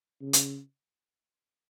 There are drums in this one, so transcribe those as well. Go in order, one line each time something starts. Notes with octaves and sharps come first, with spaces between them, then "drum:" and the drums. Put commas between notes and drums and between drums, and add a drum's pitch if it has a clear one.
C#3
drum: hi-hat